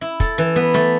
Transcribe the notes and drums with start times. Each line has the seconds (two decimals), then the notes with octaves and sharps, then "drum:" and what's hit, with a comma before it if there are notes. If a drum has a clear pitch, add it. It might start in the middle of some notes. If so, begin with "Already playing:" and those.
0.01 E4
0.20 A4, drum: kick, hi-hat
0.38 E3
0.56 B3
0.74 A3, drum: snare